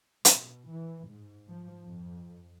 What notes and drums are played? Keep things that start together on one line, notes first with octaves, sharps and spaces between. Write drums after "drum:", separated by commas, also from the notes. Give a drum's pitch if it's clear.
B2, drum: hi-hat
E3
G#2
F3
F2